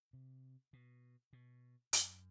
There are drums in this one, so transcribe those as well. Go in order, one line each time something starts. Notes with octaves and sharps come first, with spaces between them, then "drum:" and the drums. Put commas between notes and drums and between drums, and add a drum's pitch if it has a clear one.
C3
B2
B2
F#2, drum: hi-hat